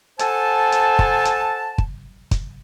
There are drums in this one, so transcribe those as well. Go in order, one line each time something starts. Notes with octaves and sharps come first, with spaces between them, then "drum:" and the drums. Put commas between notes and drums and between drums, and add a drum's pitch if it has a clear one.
A4 C5 F#5 G#5 A5, drum: hi-hat
drum: hi-hat
drum: kick
drum: hi-hat
drum: kick
drum: kick, hi-hat